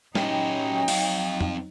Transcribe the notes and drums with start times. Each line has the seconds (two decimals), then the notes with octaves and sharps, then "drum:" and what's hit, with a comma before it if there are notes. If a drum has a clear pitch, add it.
0.15 F#3 C#4 D#4 G4 G5, drum: snare
0.88 C4 F5, drum: open hi-hat
1.41 drum: tom